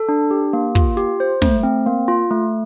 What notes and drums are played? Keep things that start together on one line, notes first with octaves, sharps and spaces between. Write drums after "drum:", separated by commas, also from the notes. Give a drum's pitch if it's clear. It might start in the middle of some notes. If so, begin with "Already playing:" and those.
Already playing: A4
D4
G4
A#3
F4, drum: kick
G4, drum: hi-hat
C5
A3, drum: snare
C4
A#3
F4
A3